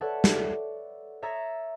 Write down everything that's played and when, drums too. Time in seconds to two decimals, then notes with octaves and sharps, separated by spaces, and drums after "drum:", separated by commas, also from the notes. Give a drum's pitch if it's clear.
0.01 A4 B4 C#5 D5 E5 F#5
0.24 drum: snare
1.22 C#5 E5 A#5 D#6 A6 A#6